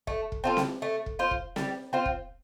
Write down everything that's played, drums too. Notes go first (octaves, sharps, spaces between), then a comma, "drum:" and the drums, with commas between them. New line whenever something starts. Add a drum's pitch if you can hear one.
A3, drum: kick
drum: kick
C4 F4 A4
drum: snare C4
A3
drum: kick
F4 C5
drum: kick
G3, drum: snare C4
C4 F4 C5
drum: kick